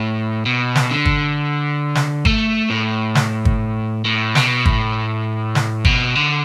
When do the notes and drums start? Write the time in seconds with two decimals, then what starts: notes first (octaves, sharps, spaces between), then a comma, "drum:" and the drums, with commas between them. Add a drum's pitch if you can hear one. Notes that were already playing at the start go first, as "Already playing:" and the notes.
Already playing: A2
0.46 B2
0.75 drum: snare
0.91 D3
1.05 drum: kick
1.95 drum: snare
2.25 A3, drum: kick
2.70 A2
3.15 drum: snare
3.45 drum: kick
4.05 A2
4.35 B2, drum: snare
4.66 A2, drum: kick
5.55 drum: snare
5.85 B2, drum: kick
6.15 D3